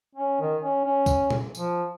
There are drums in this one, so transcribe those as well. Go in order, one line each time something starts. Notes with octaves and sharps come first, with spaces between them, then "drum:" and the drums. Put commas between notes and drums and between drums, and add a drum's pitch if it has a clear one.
C#4
D#3
C#4
C#4
drum: kick, tambourine
drum: tom A#2
F3, drum: tambourine